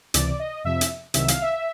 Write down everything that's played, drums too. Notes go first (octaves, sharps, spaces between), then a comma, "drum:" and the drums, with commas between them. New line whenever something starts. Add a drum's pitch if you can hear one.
C#2 C3 E3 D5, drum: hi-hat
D#5
F2 C3 F3 E5
drum: hi-hat
C2 C3 D#3 F#3 E5, drum: hi-hat
F5, drum: hi-hat
E5